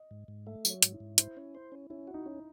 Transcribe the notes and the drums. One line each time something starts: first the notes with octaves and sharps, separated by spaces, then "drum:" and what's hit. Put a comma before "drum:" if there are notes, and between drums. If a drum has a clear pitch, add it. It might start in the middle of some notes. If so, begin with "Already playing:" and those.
Already playing: D#5
G#2
G#2
A3 E5
F#3, drum: tambourine
C#5
G#2, drum: hi-hat
E4
G#2
E4 C5, drum: hi-hat
C#4
C5
C#4
C#4 E4
F#4
D#4
C#4